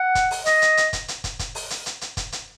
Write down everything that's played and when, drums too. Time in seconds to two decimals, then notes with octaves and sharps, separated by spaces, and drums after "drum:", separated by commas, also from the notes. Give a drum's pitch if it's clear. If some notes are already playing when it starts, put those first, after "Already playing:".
Already playing: F#5
0.15 drum: kick, hi-hat
0.31 drum: open hi-hat
0.46 D#5, drum: hi-hat
0.62 drum: hi-hat
0.77 drum: hi-hat
0.93 drum: kick, hi-hat
1.08 drum: hi-hat
1.24 drum: kick, hi-hat
1.39 drum: kick, hi-hat
1.55 drum: open hi-hat
1.70 drum: hi-hat
1.86 drum: hi-hat
2.01 drum: hi-hat
2.17 drum: kick, hi-hat
2.32 drum: hi-hat